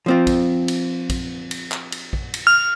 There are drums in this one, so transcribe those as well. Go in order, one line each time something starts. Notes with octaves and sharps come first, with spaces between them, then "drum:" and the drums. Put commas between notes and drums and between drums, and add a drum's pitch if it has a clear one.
F3 C4 F4
drum: kick, cymbal
drum: cymbal
drum: kick, cymbal
drum: cymbal
drum: clap
drum: cymbal
drum: kick
drum: cymbal
F6